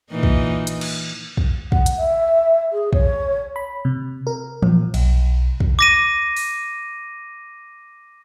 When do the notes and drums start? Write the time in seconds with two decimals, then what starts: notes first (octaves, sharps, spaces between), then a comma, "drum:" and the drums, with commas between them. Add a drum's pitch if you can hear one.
0.11 A#2 E3 D#4
0.23 drum: kick
0.67 drum: hi-hat
0.81 drum: cymbal
1.37 drum: kick
1.72 F#5, drum: kick
1.86 drum: hi-hat
1.97 E5
2.72 G#4
2.93 C#5, drum: kick
3.56 B5
3.85 C3
4.27 A#4
4.62 A#2, drum: tom E3
4.94 B1, drum: cymbal
5.60 drum: kick
5.79 D6 A#6 D#7
6.37 drum: open hi-hat